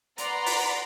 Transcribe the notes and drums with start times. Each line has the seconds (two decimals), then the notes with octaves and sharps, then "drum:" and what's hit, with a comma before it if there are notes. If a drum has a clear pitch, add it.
0.18 B4 D5 F#5 A#5 C6, drum: hi-hat
0.46 drum: open hi-hat